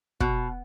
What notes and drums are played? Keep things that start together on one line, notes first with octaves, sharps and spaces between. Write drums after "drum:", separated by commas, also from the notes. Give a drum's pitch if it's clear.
B2, drum: kick